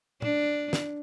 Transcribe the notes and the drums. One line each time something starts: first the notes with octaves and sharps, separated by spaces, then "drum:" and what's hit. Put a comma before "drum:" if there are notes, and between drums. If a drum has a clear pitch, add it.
D4, drum: tom
drum: snare